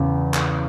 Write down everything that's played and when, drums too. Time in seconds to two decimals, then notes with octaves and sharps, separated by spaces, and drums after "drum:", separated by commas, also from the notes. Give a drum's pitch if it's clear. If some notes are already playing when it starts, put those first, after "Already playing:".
Already playing: E2 C#3
0.34 drum: clap